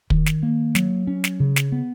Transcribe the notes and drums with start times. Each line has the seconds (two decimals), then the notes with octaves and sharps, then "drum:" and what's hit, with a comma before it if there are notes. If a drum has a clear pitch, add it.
0.10 D#3, drum: kick
0.26 drum: snare
0.43 A#3
0.75 F#3, drum: snare
1.07 C#4
1.24 drum: snare
1.40 C#3
1.56 drum: snare
1.72 B3